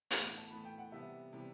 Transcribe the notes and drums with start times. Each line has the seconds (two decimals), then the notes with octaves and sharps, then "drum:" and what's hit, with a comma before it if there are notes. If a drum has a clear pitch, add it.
0.11 A2 E3 B3 F#5, drum: hi-hat
0.38 A5
0.51 A2 E3 B3 B5
0.65 G5
0.78 F#5
0.92 C3 E3 G3 B3 E5
1.33 C3 E3 G3 B3